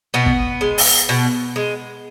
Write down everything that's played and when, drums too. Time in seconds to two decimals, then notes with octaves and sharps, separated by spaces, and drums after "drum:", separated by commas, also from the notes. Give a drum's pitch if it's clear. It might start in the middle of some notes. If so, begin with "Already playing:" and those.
0.14 B2 B3
0.26 drum: kick
0.61 G#3
0.78 drum: open hi-hat
1.09 B2
1.56 G#3